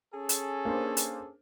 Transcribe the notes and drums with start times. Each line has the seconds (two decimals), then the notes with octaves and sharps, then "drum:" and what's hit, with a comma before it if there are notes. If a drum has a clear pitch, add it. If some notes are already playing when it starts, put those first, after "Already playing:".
0.13 C#4 G#4 A4
0.29 drum: hi-hat
0.65 A#3 D4 C5
0.97 drum: hi-hat